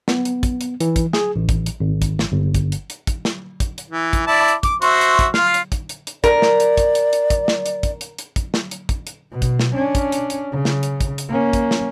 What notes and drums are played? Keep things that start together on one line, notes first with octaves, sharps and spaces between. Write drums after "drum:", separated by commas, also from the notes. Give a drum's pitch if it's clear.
B3, drum: snare
drum: hi-hat
drum: kick, hi-hat
drum: hi-hat
E3, drum: hi-hat
drum: kick, hi-hat
G#4, drum: snare
A1
drum: kick, hi-hat
drum: hi-hat
G#1
drum: kick, hi-hat
drum: snare
G1
drum: kick, hi-hat
drum: hi-hat
drum: hi-hat
drum: kick, hi-hat
drum: snare
drum: kick, hi-hat
drum: hi-hat
E3
drum: kick, hi-hat
E4 D5 A5
drum: hi-hat
D6, drum: kick, hi-hat
F#4 C5 E5, drum: hi-hat
drum: hi-hat
drum: kick, hi-hat
F4 F5, drum: snare
drum: hi-hat
drum: kick, hi-hat
drum: hi-hat
drum: hi-hat
A#4 D5, drum: kick, hi-hat
drum: snare
drum: hi-hat
drum: kick, hi-hat
drum: hi-hat
drum: hi-hat
drum: kick, hi-hat
drum: snare
drum: hi-hat
drum: kick, hi-hat
drum: hi-hat
drum: hi-hat
drum: kick, hi-hat
drum: snare
drum: hi-hat
drum: kick, hi-hat
drum: hi-hat
B2
drum: kick, hi-hat
drum: snare
C#4 D4
drum: kick, hi-hat
drum: hi-hat
drum: hi-hat
C#3
drum: snare
drum: hi-hat
drum: kick, hi-hat
drum: hi-hat
A#3 C#4
drum: kick, hi-hat
drum: snare